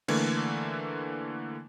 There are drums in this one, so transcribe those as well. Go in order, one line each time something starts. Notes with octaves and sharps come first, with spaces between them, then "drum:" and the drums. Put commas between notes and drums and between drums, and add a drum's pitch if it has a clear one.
D3 E3 A3 A#3, drum: cymbal